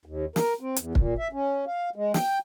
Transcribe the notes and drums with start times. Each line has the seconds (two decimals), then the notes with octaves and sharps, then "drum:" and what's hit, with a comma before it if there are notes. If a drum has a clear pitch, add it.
0.06 D#2
0.36 A#4, drum: snare
0.60 C4
0.76 E2, drum: hi-hat
0.95 A#2, drum: kick
1.18 E5
1.33 C#4
1.67 F5
1.96 G#3
2.14 G5, drum: snare